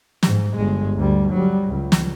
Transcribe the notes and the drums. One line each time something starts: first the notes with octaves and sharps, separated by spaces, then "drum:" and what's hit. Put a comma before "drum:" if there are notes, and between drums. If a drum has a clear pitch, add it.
G#2, drum: snare
G1 G#3
D2 G3
F#3 G3
C#2
drum: snare